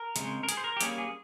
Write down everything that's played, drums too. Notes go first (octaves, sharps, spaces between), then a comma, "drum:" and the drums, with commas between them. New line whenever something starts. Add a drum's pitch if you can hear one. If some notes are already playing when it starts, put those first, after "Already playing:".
Already playing: A#4
C#3 G#3 C4, drum: hi-hat
A#4
G#4, drum: hi-hat
C5
A#4
G4
G3 A#3 C#4 G#4, drum: hi-hat
G#4